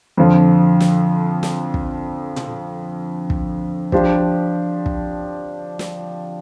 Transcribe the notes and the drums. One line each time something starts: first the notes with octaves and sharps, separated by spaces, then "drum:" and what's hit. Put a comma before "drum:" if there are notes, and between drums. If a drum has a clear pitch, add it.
F2 D3 F3
drum: snare
drum: snare
drum: kick
drum: tom A#2
drum: kick
F3 D4 G4 C5, drum: kick
drum: kick
drum: snare